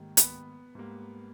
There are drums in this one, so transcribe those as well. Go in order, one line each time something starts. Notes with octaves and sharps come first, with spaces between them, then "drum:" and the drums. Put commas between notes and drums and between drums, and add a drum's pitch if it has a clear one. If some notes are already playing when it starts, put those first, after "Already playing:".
Already playing: G#2 D#3 G3 A#3
B3 B4, drum: hi-hat
G#2 G3 A#3